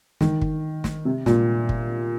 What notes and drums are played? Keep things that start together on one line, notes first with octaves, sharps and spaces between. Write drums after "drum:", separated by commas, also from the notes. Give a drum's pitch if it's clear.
D#3, drum: snare
drum: kick
drum: snare
C3
A#2, drum: snare
drum: kick